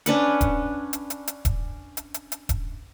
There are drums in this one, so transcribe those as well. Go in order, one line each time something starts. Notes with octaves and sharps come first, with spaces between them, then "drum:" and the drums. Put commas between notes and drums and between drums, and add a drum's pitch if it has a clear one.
C#4 D4 B4 F#5, drum: hi-hat
drum: kick D#1, hi-hat
drum: hi-hat
drum: hi-hat
drum: hi-hat
drum: kick D#1, hi-hat
drum: hi-hat
drum: hi-hat
drum: hi-hat
drum: kick D#1, hi-hat